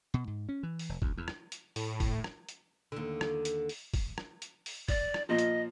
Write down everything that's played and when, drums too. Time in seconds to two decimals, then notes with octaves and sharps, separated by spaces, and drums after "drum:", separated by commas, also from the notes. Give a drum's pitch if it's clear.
0.14 B2
0.27 G#2
0.49 C#4
0.63 E3
0.79 drum: open hi-hat
0.89 F1
1.02 D2, drum: kick
1.17 E2
1.28 drum: rim click
1.52 drum: hi-hat
1.76 A2, drum: open hi-hat
2.00 drum: kick, open hi-hat
2.24 drum: rim click
2.49 drum: hi-hat
2.92 D#2 D3
3.21 drum: rim click
3.45 drum: hi-hat
3.69 drum: open hi-hat
3.94 drum: kick, open hi-hat
4.18 drum: rim click
4.42 drum: hi-hat
4.66 drum: open hi-hat
4.88 D5, drum: kick, open hi-hat
5.14 drum: rim click
5.29 A#2 F3 D#5
5.39 drum: hi-hat